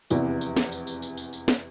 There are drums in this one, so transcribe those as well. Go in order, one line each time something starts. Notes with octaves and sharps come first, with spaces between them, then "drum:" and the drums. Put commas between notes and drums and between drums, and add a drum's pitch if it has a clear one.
F1 E2 C3 E3, drum: tambourine
drum: tambourine
drum: snare
drum: tambourine
drum: tambourine
drum: tambourine
drum: tambourine
drum: tambourine
drum: snare